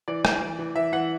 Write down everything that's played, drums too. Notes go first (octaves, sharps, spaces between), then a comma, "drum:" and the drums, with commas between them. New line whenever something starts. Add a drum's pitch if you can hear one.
E3 D5
E3, drum: rim click
E3
E3
E3 E5
E3 F#5